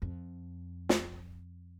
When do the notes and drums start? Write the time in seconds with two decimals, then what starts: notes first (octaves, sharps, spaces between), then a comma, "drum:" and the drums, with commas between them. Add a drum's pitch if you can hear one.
0.02 F2
0.89 drum: snare